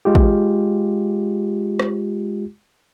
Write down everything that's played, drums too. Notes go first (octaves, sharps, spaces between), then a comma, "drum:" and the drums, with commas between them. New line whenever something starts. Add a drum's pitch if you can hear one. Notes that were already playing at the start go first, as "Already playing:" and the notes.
G#3 F4 G4
drum: kick
drum: rim click